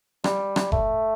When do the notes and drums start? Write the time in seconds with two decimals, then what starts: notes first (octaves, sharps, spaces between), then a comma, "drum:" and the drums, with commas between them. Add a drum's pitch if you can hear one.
0.24 G3, drum: rim click
0.56 drum: rim click
0.72 A3, drum: kick F1